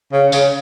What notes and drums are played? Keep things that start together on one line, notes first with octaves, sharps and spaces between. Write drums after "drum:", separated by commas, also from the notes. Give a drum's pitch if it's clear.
C#3
C#3, drum: tambourine